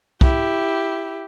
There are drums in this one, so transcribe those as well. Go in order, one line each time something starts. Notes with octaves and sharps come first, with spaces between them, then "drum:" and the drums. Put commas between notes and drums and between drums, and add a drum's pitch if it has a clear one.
E4 G4, drum: kick